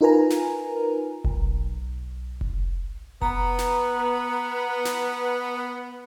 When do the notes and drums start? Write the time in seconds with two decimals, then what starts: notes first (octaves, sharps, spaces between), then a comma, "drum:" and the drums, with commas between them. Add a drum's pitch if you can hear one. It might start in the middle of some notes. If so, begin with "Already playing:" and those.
0.01 D#4 F4 A#4 B4 G#5 A#5
0.30 drum: snare
1.25 B1, drum: kick F1
2.41 drum: kick F1
3.22 B3 A#5, drum: kick F1
3.58 drum: snare
4.85 drum: snare